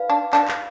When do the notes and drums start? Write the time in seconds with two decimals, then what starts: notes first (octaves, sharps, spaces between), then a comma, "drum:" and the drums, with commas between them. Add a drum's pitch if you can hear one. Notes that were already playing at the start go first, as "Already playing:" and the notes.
Already playing: D#4 B4 D5 F5
0.10 D4
0.33 D4, drum: clap
0.48 drum: clap